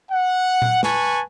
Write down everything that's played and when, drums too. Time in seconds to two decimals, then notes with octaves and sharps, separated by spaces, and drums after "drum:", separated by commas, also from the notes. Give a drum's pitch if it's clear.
0.11 F#5
0.62 drum: tom A#2
0.83 B4 G#5 A5 C#6, drum: snare